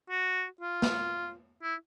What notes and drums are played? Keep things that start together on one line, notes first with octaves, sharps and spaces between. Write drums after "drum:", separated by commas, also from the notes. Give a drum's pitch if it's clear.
F#4
F4
drum: snare
E4